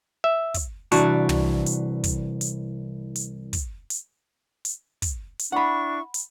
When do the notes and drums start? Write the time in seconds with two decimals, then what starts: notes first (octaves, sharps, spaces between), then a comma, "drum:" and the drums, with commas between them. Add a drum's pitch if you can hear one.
0.24 E5
0.54 drum: kick, hi-hat
0.92 C2 E3 D4 F#4 A5, drum: hi-hat
1.29 drum: tom
1.66 drum: hi-hat
2.04 drum: kick, hi-hat
2.41 drum: hi-hat
3.16 drum: hi-hat
3.53 drum: kick, hi-hat
3.90 drum: hi-hat
4.65 drum: hi-hat
5.02 drum: kick, hi-hat
5.39 drum: hi-hat
5.52 D4 E4 F#5 B5 C#6
6.14 drum: hi-hat